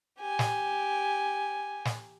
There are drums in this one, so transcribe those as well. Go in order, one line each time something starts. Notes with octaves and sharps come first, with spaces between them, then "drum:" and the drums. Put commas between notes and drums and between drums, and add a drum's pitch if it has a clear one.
G4 G#5
drum: snare
drum: snare